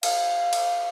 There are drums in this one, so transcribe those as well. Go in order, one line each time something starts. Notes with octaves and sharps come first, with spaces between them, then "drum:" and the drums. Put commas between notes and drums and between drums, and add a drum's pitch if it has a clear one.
F5, drum: cymbal
drum: cymbal